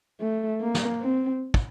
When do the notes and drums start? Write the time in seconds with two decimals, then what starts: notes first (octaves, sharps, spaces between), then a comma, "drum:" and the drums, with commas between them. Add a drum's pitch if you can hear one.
0.21 A3
0.61 A#3
0.74 drum: snare
1.02 C4
1.54 drum: kick